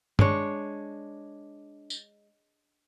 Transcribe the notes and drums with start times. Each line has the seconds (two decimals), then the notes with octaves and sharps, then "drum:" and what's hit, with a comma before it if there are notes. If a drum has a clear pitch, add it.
0.19 G#3 D4 C#5, drum: tom G2
1.90 drum: tambourine